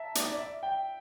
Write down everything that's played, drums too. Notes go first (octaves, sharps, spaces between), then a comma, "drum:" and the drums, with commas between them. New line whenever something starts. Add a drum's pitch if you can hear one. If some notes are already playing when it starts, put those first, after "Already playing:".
Already playing: E5 A5 A#5
D5, drum: hi-hat
D5
E5
G5